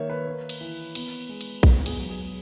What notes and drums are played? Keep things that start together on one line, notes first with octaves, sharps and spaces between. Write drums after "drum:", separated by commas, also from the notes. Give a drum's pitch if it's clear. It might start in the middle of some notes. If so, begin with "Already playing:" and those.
Already playing: D#3 A#3 C#5 E5
B4
A#3
drum: cymbal
E3
B3, drum: cymbal
G#3
drum: cymbal
B3, drum: kick A#1
G#4, drum: cymbal
F#3
G#4